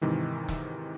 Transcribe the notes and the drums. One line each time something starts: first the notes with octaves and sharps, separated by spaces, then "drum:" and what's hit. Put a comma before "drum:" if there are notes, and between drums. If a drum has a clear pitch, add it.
G#2 C3 D#3 E3 G#3
drum: snare